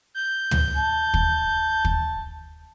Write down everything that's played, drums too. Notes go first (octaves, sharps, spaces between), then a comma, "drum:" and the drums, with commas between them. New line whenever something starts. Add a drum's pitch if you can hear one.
G6
drum: tom
A5
drum: kick
drum: kick